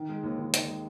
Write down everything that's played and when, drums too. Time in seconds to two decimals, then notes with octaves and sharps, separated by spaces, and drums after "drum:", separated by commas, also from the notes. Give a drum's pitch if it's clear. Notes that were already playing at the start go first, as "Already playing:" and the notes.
Already playing: D#3
0.09 G#3
0.23 D#2
0.38 D#2
0.54 D#3, drum: hi-hat
0.67 G#3